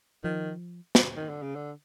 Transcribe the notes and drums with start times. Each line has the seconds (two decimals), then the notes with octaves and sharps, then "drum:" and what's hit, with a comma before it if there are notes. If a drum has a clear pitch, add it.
0.24 D#3 F3
0.95 drum: snare
1.16 D#3
1.29 D3
1.43 C#3
1.56 D3